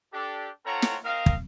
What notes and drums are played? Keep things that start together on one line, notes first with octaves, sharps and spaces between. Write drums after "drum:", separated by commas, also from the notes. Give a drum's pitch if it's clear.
D4 G4 A4
C4 F4 A4 C#5 F#5 A#5
drum: snare
C4 A#4 D#5 F5
drum: kick